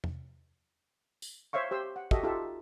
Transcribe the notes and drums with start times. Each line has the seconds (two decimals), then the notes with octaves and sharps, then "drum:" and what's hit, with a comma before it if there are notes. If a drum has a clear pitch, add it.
0.04 drum: tom
1.22 drum: tambourine
1.53 C5 C#5 E5 F5 C#6
1.71 G4 C5 E6
1.96 F#5
2.11 F#4 G4 A4 D#5 E5, drum: kick
2.23 D#4 F4 G4 A4 E5